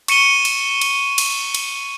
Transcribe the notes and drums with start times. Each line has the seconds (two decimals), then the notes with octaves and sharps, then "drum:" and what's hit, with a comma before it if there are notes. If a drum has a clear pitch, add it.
0.08 C#6 C#7 D#7 G7, drum: cymbal
0.45 drum: cymbal
0.81 drum: cymbal
1.18 drum: cymbal
1.54 drum: cymbal